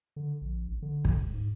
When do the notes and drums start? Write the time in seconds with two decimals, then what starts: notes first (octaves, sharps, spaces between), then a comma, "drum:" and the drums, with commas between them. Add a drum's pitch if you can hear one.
0.16 D3
0.42 A#1
0.68 A1
0.82 D3
1.05 drum: kick
1.18 C#2
1.34 G#2